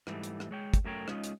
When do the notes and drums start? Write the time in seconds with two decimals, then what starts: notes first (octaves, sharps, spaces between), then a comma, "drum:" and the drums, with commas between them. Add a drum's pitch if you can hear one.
0.07 G#2 E3 G3 A3, drum: rim click
0.24 drum: hi-hat
0.40 drum: rim click
0.51 G#3 C#5 G5
0.74 drum: kick, hi-hat
0.85 F#2 A3 A#4 C#5 G5
1.08 G#3 C#4 D#4 F4, drum: rim click
1.24 drum: hi-hat